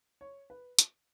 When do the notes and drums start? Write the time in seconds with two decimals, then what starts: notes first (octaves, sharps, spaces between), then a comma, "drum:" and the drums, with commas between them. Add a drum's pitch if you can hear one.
0.21 C#5
0.50 B4
0.79 drum: hi-hat